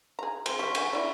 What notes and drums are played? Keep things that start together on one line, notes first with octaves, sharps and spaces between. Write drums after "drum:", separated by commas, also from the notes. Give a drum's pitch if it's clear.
G#4 A#5
C4 G#4 G7, drum: cymbal
G3 C4 C#6 B6
D3 F#5 G#5, drum: cymbal
C#4 E4 D5